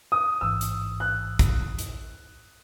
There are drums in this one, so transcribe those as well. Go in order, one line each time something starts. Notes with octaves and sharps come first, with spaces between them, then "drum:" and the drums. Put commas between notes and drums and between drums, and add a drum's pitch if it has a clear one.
D#6
A1 G#2 E3 E6
drum: hi-hat
F#6
drum: kick A1, hi-hat
drum: hi-hat